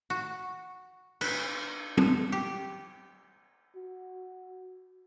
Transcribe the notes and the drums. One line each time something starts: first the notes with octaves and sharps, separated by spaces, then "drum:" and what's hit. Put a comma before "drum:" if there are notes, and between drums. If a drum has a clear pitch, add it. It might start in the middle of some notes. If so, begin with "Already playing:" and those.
F#4
B4, drum: cymbal
drum: tom
G4
F#4